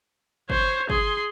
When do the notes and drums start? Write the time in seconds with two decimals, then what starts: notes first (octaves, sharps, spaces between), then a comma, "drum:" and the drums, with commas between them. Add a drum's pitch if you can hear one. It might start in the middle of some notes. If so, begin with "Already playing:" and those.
0.50 C5 C#5, drum: kick G1
0.90 G#4 C6, drum: kick G1